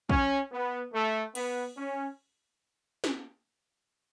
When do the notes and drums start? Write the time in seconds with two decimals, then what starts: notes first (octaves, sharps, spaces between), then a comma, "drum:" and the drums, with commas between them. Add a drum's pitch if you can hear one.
0.09 C#4, drum: kick A#1
0.52 B3
0.93 A3
1.35 B3, drum: cymbal
1.77 C#4
3.04 drum: snare